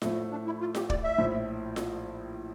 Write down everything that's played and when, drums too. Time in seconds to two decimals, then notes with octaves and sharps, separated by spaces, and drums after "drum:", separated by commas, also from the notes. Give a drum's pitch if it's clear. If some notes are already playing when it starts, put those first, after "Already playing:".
0.02 A2 F3 A3, drum: snare F4
0.31 D4
0.46 E4
0.61 F4
0.75 G4, drum: snare F4
0.90 D5, drum: kick
1.04 E5
1.18 A#1 A2 F3
1.76 drum: snare F4